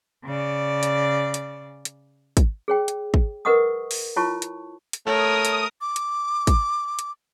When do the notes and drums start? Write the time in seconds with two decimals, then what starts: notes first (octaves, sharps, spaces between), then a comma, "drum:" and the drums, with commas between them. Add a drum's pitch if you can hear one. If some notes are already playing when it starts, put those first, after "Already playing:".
0.25 C#3 D5
0.83 drum: hi-hat
1.34 drum: hi-hat
1.85 drum: hi-hat
2.37 drum: kick, hi-hat
2.68 G#4 C#5 G5
2.88 drum: hi-hat
3.14 drum: kick
3.45 A#4 B4 D#5 F#5 C#6 D#6
3.91 drum: open hi-hat
4.16 E4 F4 C#5 A5 C#6
4.42 drum: hi-hat
4.93 drum: hi-hat
5.07 A3 A#4 C#5 D#6
5.45 drum: hi-hat
5.81 D6
5.96 drum: hi-hat
6.47 drum: kick, hi-hat
6.99 drum: hi-hat